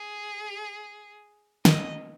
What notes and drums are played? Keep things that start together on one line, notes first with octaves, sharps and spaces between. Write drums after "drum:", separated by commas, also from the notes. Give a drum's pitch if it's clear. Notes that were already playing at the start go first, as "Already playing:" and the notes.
Already playing: G#4
D#5, drum: snare